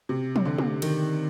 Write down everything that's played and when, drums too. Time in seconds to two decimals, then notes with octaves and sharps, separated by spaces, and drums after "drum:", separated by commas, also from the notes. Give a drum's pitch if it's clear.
0.09 C3
0.36 drum: tom
0.45 D3
0.58 drum: tom
0.82 D#3, drum: cymbal